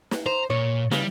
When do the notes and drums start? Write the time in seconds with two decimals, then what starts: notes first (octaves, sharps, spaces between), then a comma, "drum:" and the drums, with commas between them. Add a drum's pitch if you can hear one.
0.11 drum: snare
0.26 C5 A#5
0.50 A#2 C#5
0.91 C#3 G3, drum: snare